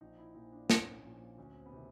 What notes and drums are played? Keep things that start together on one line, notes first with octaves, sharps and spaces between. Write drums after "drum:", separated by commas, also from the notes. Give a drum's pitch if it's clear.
A#1 D#4
E4
A#2 F3 D#4
D4
A#1 C#4, drum: snare
A#2 F3
D2 C#4
C4
B3
C3 D#3